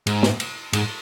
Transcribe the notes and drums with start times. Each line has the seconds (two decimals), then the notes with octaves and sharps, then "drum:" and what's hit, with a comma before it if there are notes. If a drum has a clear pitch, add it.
0.07 G#2, drum: cymbal
0.23 drum: snare
0.40 drum: cymbal
0.73 G#2, drum: cymbal